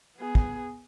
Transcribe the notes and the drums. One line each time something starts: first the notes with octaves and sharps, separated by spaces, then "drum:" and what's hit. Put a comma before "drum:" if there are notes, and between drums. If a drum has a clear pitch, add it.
B3 G#4
drum: kick